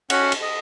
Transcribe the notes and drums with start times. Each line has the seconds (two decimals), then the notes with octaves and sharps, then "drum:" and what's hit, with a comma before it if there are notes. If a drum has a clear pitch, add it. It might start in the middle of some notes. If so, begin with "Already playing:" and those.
0.10 C#4 F#4 F#5, drum: cymbal
0.32 drum: cymbal
0.42 D#5